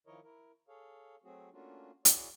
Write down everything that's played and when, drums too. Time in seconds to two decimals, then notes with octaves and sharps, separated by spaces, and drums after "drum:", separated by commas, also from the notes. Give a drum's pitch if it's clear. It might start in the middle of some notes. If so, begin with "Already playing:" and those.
0.07 D#3 F3 E4 A#4 C#5 D#5
0.24 E4 A#4
0.68 G#4 A4 C#5 F5
1.24 F#3 A3 C4 F#4 G#4
1.52 A3 A#3 C#4 D4 F4 F#4
2.05 E4 F#4 G#4 C#5 D5, drum: hi-hat